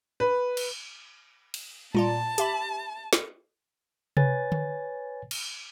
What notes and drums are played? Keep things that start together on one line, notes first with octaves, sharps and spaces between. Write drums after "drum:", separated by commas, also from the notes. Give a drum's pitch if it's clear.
B4
drum: cymbal
drum: cymbal
A#2 F4 D5 A5, drum: tom G3
G4 E5 B5, drum: hi-hat
drum: snare
B4 C#5 G#5 A6, drum: tom C3
drum: tom D3
drum: cymbal